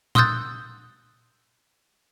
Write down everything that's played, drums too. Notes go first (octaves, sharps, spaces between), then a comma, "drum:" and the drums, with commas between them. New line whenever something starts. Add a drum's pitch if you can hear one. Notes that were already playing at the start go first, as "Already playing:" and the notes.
C6 D#6 E6 F#6 G6 A6, drum: tom A#2